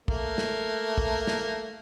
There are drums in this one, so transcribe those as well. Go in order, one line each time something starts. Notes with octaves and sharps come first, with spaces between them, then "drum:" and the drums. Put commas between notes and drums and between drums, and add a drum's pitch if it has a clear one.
A3 A#3, drum: kick
drum: snare
drum: kick
drum: snare